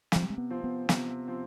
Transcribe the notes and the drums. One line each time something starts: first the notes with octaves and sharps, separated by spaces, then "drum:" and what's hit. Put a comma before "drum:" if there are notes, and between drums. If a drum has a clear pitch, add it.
C3 F3, drum: snare
G3
G#3
B3
F3 C4
B3
C3 B3, drum: snare
F3 C4